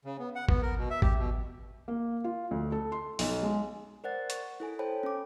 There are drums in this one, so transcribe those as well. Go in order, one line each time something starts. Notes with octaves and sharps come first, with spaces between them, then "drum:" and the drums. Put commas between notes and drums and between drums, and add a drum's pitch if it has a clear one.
C#3
B3
F#5
B3, drum: kick G#1
A#4
B2
E5
G4, drum: kick G#1
B2
A#3
F4
D2
A4
C6
B1, drum: open hi-hat
G#3
A#4 C5 D5 F#5 F#6 A6
C#6, drum: hi-hat
E4 A4 G#5
A4 C5 C#5 G5 A5 B5
C#4 D6